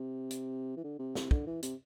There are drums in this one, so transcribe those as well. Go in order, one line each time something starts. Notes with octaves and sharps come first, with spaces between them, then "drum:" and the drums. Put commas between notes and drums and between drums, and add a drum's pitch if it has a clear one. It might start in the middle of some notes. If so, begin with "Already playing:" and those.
Already playing: C3
drum: hi-hat
E3
D3
C3
C3, drum: snare
D3, drum: kick
E3
C3, drum: hi-hat